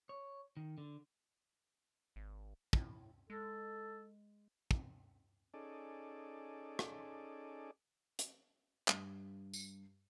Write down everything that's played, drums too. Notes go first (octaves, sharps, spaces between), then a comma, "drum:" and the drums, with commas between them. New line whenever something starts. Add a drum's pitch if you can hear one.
C#5
D#3
D3
G#1
A2, drum: kick
G#3 A4
drum: kick
C#4 D#4 G#4 A4 D5
drum: rim click
drum: hi-hat
G2, drum: clap
drum: tambourine